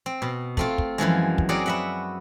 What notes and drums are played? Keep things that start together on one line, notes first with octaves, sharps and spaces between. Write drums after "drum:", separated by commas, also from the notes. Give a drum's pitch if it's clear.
C4
B2
A3 C4 F4, drum: kick
drum: kick
F#2 E3 F3 G#3
drum: kick
C4 F#4 G#4 A#4 C#5 D5
B4 E5 F#5